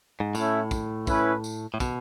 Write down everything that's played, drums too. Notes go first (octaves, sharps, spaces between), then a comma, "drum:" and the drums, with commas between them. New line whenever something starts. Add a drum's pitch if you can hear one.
G#2
A2 A3 C#4 E4, drum: tambourine
drum: kick, tambourine
C#4 E4 B4, drum: kick, tambourine
drum: tambourine
A2
B2, drum: kick, tambourine